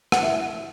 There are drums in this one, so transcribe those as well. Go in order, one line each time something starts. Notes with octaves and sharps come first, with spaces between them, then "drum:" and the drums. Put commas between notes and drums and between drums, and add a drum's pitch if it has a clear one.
F#5, drum: rim click
E5